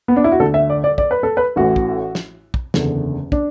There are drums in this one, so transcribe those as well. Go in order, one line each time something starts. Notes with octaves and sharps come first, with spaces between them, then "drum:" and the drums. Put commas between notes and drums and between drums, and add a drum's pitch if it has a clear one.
B3
D4
E4
F#4
D2 D3 A4
E5
D5
D5
D5, drum: kick
B4
A4
B4
A1 A2 E3 F#4
drum: kick
drum: snare
drum: kick
F#1 E2 D3, drum: snare
D4, drum: kick